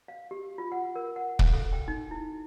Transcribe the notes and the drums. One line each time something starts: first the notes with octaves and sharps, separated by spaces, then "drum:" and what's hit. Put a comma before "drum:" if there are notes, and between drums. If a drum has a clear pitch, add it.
F5
G4
F4
F#5
A#4
F#5
F5, drum: kick
A4
G5
D#4
E4